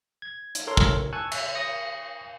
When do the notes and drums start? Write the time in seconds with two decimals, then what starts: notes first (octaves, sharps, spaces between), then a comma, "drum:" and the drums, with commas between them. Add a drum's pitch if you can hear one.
0.22 G#6
0.55 drum: hi-hat
0.67 A4 A#4 C#5 C6 F6
0.77 drum: kick
1.13 G#5 A5 C#6 E6 F#6 G#6
1.32 E5, drum: cymbal
1.55 D#6 A#6 C#7